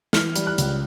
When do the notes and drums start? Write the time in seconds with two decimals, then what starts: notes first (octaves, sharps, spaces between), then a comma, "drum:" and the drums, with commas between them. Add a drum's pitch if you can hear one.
0.13 E3 F6, drum: snare
0.35 G3, drum: hi-hat
0.47 F#6
0.58 C#2, drum: hi-hat